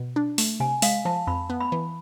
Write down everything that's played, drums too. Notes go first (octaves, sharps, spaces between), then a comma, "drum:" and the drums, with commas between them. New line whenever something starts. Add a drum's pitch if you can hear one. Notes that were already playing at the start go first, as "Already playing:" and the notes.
Already playing: B2
D4
A3, drum: open hi-hat
C3 G#5
G#3 F5, drum: open hi-hat
F3 A5
F2 B5
B3
B5
E3